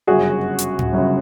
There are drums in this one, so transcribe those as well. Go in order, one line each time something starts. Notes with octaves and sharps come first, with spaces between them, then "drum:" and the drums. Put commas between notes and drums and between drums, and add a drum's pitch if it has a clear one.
G1 F#2 C#3 F#4 G#4
drum: hi-hat
drum: tom A2
G1 F#2 C#3